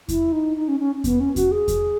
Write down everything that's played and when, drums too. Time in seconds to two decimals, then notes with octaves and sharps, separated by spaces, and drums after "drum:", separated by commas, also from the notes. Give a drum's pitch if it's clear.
0.09 E4, drum: kick E2, hi-hat
0.32 D#4
0.57 D#4
0.68 C#4
0.80 C#4
1.04 B3, drum: kick E2, hi-hat
1.20 C#4
1.36 F#4, drum: kick E2, hi-hat
1.52 G#4
1.68 drum: kick E2, hi-hat